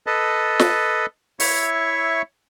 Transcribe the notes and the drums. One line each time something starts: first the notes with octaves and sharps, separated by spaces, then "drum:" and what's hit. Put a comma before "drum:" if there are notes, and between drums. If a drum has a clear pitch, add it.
A4 B4 D#5 A5
drum: snare
E4 C#5 E5 C#6, drum: open hi-hat